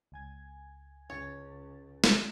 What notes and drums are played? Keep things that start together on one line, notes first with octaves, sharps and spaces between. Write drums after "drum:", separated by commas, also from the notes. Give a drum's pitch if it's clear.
C#2 G#5 G#6
C#2 C#4 C#5 A6
drum: snare